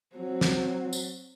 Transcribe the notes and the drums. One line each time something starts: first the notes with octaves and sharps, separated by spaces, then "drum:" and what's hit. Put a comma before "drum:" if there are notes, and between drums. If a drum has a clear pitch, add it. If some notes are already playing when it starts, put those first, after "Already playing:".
F#3 C4
drum: snare
drum: tambourine